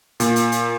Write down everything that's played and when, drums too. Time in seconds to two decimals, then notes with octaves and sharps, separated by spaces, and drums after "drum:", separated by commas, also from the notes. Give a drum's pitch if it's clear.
0.20 A#2, drum: hi-hat
0.36 drum: hi-hat
0.52 drum: hi-hat